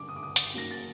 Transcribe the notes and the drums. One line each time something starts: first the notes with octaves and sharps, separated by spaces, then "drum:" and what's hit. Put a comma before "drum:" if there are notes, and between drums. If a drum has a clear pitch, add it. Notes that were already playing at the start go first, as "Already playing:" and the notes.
Already playing: D3 G3 D6
D#6
D6
D#6
drum: hi-hat
D#3 F#3 A#3 C#4 A#6
A6